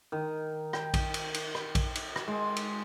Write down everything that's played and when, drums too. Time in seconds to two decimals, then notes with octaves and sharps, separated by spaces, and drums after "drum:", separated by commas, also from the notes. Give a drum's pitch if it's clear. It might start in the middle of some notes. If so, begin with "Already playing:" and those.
0.12 D#3
0.73 G5, drum: rim click
0.94 drum: kick A#1, cymbal
1.14 drum: cymbal
1.34 drum: cymbal
1.55 drum: rim click
1.75 drum: kick A#1, cymbal
1.95 drum: cymbal
2.16 drum: rim click
2.28 G#3
2.56 drum: cymbal